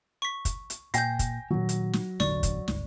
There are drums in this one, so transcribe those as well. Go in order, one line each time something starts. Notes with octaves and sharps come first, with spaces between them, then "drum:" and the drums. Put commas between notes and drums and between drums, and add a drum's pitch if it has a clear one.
C#6 B6
drum: kick, hi-hat
drum: hi-hat
A#2 G5 G#5 G6 A#6 C7, drum: hi-hat
drum: kick, hi-hat
A#2 D#3 F#3
drum: hi-hat
drum: snare
E1 A1 D3 D5 C#6, drum: snare
drum: kick, hi-hat
G1 C#2, drum: snare